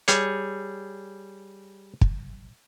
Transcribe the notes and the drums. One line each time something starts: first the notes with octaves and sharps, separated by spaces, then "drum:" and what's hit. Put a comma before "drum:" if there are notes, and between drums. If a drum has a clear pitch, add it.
G3 G#4 C#5, drum: hi-hat
drum: kick